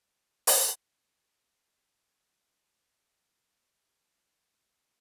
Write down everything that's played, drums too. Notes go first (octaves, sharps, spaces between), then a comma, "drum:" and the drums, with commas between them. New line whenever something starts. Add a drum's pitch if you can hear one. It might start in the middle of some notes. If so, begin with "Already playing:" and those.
B3 B4 D#5 F5
drum: open hi-hat
E2 G#5
F#3
E2 B2
F6
A#2 D3 G#3 A5 C#6